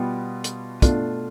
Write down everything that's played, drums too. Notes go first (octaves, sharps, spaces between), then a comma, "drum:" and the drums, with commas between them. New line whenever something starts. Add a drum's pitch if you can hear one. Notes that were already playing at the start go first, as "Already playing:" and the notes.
Already playing: B2 G3 B3 F4
drum: hi-hat
B2 A3 D4 F4, drum: kick, hi-hat